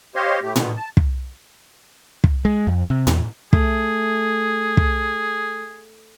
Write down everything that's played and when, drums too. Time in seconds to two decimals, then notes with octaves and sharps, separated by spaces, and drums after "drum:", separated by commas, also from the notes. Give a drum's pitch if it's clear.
0.15 G4 C5 C#5 D#5 F5 C6
0.42 A2 A3 G4
0.56 B2 D3 D#3 B3, drum: tom A2
0.77 A5
0.97 drum: kick
2.24 drum: kick
2.45 G#3
2.67 F2
2.90 C3
3.07 E2, drum: tom A2
3.53 A3 G#4, drum: kick
4.77 drum: kick